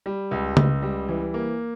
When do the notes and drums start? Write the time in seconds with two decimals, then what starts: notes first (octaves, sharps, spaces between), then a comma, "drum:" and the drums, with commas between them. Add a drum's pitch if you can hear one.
0.06 G3
0.31 C#2
0.57 C#2, drum: tom C#3
0.82 G3
1.08 E3
1.34 A#3